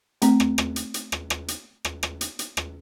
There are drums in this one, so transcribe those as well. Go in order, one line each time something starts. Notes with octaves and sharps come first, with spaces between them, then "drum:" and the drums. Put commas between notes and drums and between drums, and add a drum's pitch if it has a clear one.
A3 C4, drum: hi-hat
drum: rim click
drum: rim click
drum: hi-hat
drum: hi-hat
drum: rim click
drum: rim click
drum: hi-hat
drum: rim click
drum: rim click
drum: hi-hat
drum: hi-hat
drum: rim click